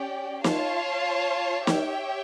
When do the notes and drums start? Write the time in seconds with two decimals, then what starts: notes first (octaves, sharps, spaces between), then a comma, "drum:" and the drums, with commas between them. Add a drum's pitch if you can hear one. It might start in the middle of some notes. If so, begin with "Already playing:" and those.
Already playing: C#4 G4 D5 G5
0.44 F4 C#5 F5 A5, drum: snare
1.67 G4 C#5 E5 G5, drum: snare